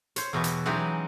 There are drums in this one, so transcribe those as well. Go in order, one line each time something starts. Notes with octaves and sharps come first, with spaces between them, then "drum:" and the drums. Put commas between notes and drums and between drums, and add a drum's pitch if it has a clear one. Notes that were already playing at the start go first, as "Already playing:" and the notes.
C5 C#5, drum: hi-hat
E2 B2 G4 B4
drum: hi-hat
E3 F#3 G#3 C#4 D#4 G4